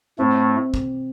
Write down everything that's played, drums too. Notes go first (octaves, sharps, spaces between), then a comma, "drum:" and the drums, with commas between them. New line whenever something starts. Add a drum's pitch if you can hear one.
A2 A3 C4
drum: kick B1